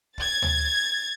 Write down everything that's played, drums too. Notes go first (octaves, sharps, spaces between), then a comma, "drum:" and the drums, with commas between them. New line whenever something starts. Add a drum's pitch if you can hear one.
G#6 A6, drum: kick
drum: tom